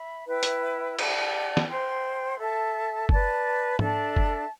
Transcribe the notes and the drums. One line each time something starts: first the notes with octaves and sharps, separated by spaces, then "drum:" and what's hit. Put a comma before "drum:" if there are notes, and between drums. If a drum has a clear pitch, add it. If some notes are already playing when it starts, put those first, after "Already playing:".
Already playing: E5 B5
E4 B4 E5 G5
drum: hi-hat
G4 D5 F#5 A5, drum: cymbal
drum: snare
C5 G5 C6
A4 E5 A5
B4 D5 A5, drum: kick F#1
D4 A4 E5 A5, drum: tom G#2
drum: kick F#1